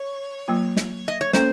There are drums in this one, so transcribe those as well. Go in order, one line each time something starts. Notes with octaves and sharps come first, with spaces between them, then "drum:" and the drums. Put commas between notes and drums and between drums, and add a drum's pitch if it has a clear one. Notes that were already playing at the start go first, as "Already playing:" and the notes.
Already playing: C#5
F#3 A#3 F4
drum: snare
D#5
C#5
A#3 C#4 A4 C5, drum: snare